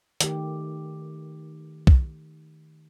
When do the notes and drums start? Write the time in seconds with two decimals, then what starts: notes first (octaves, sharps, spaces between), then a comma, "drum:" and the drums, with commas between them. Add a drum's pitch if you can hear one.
0.21 D#3 A3 G4, drum: hi-hat
1.87 drum: kick